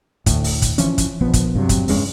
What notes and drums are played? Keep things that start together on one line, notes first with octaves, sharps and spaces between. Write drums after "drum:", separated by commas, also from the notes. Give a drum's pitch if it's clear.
D2 A2, drum: kick, hi-hat
drum: open hi-hat
drum: kick, hi-hat
E3 F3 C#4, drum: hi-hat
drum: kick, hi-hat
A#1 F3 B3
drum: kick, hi-hat
G2 C3 F#3
drum: kick, hi-hat
E2 G2 G#3 C#4, drum: open hi-hat